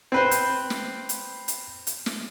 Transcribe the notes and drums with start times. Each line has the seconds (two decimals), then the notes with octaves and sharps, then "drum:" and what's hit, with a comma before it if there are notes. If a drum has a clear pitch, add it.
0.12 C4 B4 C5
0.31 drum: hi-hat
0.70 drum: snare
1.09 drum: hi-hat
1.48 drum: hi-hat
1.87 drum: hi-hat
2.06 drum: snare